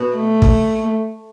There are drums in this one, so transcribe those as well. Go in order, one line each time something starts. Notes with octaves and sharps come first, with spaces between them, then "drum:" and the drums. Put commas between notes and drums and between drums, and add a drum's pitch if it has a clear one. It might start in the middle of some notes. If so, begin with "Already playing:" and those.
Already playing: B2
A3
drum: kick